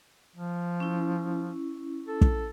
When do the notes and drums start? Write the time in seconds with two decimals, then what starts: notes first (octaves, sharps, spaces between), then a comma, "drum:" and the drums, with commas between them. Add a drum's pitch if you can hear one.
0.36 F3
0.80 C#4 E4
2.07 A4
2.21 drum: kick